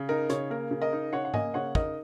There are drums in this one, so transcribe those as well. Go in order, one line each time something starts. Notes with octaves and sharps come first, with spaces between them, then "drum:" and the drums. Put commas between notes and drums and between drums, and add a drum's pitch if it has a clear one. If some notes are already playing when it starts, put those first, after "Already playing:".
Already playing: C#3
D#4 A#4
C#3 C#5, drum: hi-hat
A#3 A#4
C#3
A#4 D#5
D#4
C#3 C#5 F#5
F#5
A#3 D#5 G#5, drum: tom G#2
C#3 C#5 F#5
D#4 A#4 D#5, drum: kick